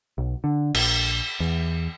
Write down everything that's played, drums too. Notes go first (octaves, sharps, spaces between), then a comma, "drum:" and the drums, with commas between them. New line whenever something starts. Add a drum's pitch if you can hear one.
B1
D3
A#1, drum: cymbal
E2